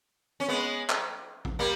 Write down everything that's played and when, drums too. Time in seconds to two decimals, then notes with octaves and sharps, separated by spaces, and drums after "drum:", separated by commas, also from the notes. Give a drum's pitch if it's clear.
0.40 C#4
0.48 G#3 B3
0.89 drum: clap
1.45 drum: kick A1
1.59 G3 A#3